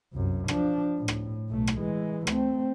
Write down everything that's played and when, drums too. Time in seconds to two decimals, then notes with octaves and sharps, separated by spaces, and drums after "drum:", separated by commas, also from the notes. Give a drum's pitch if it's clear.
0.13 C2 F#2
0.48 F3 D4, drum: rim click
0.98 A2
1.08 drum: rim click
1.49 B1 A3
1.67 drum: rim click
1.79 E3 G#3
2.27 A3 C4, drum: rim click